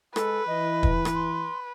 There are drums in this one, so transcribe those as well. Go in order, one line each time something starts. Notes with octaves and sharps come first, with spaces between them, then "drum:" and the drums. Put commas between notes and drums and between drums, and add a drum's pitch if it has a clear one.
G#3 A4 B4, drum: rim click
E3 D#5
drum: kick
drum: rim click
C6